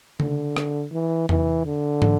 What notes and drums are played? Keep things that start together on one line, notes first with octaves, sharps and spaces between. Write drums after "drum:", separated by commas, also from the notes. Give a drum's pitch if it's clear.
D3, drum: tom C#3
drum: rim click
E3
E3, drum: tom E2
D3
drum: tom